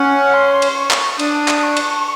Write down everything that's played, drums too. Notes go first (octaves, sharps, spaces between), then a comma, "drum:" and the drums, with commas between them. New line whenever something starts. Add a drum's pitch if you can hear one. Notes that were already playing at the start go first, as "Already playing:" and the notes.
Already playing: C#4 F#5
C6
drum: cymbal
C#6
drum: clap
D4 D#6, drum: cymbal
drum: clap
C#6
drum: cymbal